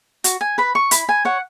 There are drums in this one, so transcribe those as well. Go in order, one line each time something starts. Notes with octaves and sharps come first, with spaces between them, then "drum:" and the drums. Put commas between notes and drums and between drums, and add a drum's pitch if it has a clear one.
F#4, drum: hi-hat
G#5
B4 B5
C#6
E4 B5, drum: hi-hat
G#5
C#5 F#5